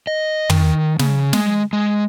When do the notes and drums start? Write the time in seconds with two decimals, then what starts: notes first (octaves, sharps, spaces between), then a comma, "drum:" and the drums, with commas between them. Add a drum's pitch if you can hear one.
0.07 D#5
0.50 D#3, drum: tom
0.99 C#3, drum: snare
1.33 G#3, drum: snare
1.73 G#3